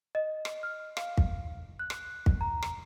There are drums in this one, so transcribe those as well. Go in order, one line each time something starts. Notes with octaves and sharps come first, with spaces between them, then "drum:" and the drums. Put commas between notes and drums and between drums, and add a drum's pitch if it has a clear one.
D#5
drum: rim click
F6
F5, drum: rim click
drum: kick
F#6
drum: rim click
drum: kick
A#5
drum: rim click